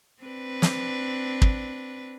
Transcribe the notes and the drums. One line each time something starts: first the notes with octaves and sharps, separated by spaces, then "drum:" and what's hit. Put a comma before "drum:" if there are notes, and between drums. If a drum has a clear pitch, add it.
C4 D4 B4
drum: snare
drum: kick